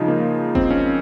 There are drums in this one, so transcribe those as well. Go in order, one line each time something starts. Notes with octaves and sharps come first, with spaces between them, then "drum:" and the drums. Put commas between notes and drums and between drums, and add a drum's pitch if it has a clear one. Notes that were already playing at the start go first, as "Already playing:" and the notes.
Already playing: C#3 F3 G#3 D#4 F4
A#3
C4, drum: kick
C#4